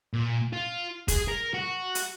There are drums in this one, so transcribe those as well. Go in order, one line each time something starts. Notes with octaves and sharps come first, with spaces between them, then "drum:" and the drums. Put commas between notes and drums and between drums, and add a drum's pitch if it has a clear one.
A#2
F4
G#4, drum: kick, hi-hat
A#4
F#4
drum: hi-hat